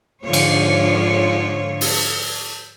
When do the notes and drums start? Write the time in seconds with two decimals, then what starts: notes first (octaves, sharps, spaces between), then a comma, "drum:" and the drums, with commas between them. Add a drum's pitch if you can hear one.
0.23 G#2 D3 F3 F4 C#5
0.33 drum: cymbal
1.81 drum: open hi-hat